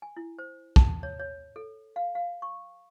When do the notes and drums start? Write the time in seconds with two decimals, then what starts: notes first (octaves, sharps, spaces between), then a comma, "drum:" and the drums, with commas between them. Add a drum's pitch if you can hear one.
0.02 G#5
0.17 E4
0.38 C5
0.76 A5, drum: kick
1.03 C#5
1.19 C#5
1.56 A4
1.96 F5
2.15 F5
2.42 C#6